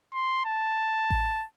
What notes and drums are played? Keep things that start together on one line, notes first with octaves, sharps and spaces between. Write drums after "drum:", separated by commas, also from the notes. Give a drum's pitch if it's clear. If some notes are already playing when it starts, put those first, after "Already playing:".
C6
A5
drum: kick A1